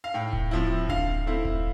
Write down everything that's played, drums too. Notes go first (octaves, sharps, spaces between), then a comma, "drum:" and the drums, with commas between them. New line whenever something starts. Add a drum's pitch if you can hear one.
F5
A2 G5
drum: kick D#1
F3 C4 E4
D3 F5, drum: kick D#1
A3 C4 E4
drum: kick D#1